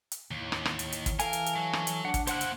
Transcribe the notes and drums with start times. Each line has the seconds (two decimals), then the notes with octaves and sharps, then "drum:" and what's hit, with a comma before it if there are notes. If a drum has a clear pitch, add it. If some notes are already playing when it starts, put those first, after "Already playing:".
0.12 drum: hi-hat
0.31 D#2 A2
0.52 drum: rim click
0.66 drum: rim click
0.79 drum: hi-hat
0.92 drum: hi-hat
1.06 drum: kick, hi-hat
1.19 E3 A4 A#4 F5 G#5, drum: hi-hat
1.33 drum: hi-hat
1.46 drum: hi-hat
1.56 F#3
1.73 drum: rim click
1.87 drum: hi-hat
2.05 D4 F#5
2.14 drum: kick, hi-hat
2.27 A#3 E4 C5 F#5 F#6, drum: hi-hat
2.41 drum: hi-hat